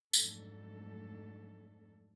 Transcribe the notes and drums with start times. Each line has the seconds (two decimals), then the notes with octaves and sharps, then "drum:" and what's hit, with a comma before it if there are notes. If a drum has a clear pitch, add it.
0.13 F2 G#2 F#3 A3 D4 A4, drum: tambourine